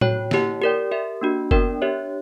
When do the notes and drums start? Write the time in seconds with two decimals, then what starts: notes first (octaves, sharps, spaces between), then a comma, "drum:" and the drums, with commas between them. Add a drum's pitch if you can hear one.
0.01 F#4 C#5 G5, drum: tom A2
0.31 A#3 E4 G4 C#5 F#5, drum: snare
0.62 G4 A#4 D5 G5
0.91 G4 A#4 E5
1.21 A#3 D4 F#4
1.51 B3 D4 A#4 D5 G5, drum: kick F#1
1.82 D4 G4 C#5 E5